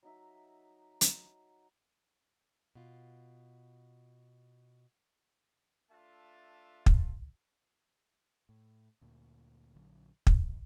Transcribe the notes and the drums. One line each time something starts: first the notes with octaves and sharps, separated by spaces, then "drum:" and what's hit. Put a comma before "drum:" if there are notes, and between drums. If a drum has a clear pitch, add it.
F#3 D#4 E5
drum: hi-hat
B2 F4
A3 D4 F4 E5 A5
drum: kick
A2
D2 A#2
A#1 D3 F#3
E2, drum: kick